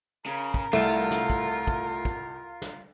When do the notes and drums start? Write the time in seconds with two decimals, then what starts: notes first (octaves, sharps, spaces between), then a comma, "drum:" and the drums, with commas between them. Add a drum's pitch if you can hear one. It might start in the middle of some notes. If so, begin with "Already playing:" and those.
0.26 C#3 A#4
0.54 drum: kick
0.73 C2 A3 F4
1.11 drum: snare
1.30 drum: kick
1.67 drum: kick
2.05 drum: kick
2.62 drum: snare